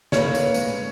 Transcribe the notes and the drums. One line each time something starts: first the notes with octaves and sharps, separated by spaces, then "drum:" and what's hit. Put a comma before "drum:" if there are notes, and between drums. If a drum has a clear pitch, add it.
D#3 A#3 B4 C#5, drum: snare
drum: tambourine
G#3, drum: tambourine
C#4